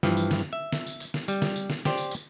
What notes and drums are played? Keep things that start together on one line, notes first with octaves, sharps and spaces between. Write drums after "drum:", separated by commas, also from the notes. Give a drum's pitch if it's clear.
G2 E3 F3, drum: snare
drum: tambourine
drum: snare
E5
drum: snare
drum: tambourine
drum: tambourine
drum: snare
G3, drum: tambourine
drum: snare
drum: tambourine
drum: snare
G4 C5 D5, drum: snare
drum: tambourine
drum: tambourine